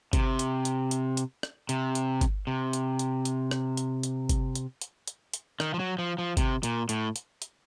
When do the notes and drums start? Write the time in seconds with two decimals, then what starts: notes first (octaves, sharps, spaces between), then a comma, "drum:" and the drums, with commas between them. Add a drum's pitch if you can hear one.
0.13 C3, drum: kick G1, hi-hat
0.39 drum: hi-hat
0.65 drum: hi-hat
0.91 drum: hi-hat
1.17 drum: hi-hat
1.43 drum: rim click
1.69 C3, drum: hi-hat
1.95 drum: hi-hat
2.21 drum: kick G1, hi-hat
2.47 C3
2.73 drum: hi-hat
2.99 drum: hi-hat
3.25 drum: hi-hat
3.51 drum: rim click
3.77 drum: hi-hat
4.03 drum: hi-hat
4.29 drum: kick G1, hi-hat
4.55 drum: hi-hat
4.81 drum: hi-hat
5.08 drum: hi-hat
5.34 drum: hi-hat
5.60 D#3, drum: rim click
5.74 F3
5.80 F#3
5.99 F3
6.18 F3
6.37 C3, drum: kick G1, hi-hat
6.63 A#2, drum: hi-hat
6.89 A2, drum: hi-hat
7.16 drum: hi-hat
7.42 drum: hi-hat